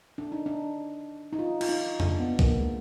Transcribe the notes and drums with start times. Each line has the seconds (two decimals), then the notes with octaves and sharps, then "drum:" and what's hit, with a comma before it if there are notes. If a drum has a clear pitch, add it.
0.18 D4
0.32 D#4
0.46 D4
1.33 D#4
1.39 F4
1.61 F4, drum: cymbal
1.69 D#4
2.00 D4, drum: tom F2
2.20 B3
2.39 A#3, drum: kick
2.60 G#3